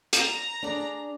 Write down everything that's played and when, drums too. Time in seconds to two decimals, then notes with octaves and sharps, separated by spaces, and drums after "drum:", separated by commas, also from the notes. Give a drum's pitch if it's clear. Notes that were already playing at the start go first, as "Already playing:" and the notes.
0.13 A#5, drum: hi-hat
0.63 D4 G#4 D5